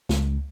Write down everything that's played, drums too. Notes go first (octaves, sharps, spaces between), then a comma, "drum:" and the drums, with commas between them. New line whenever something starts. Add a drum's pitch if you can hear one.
C#2, drum: snare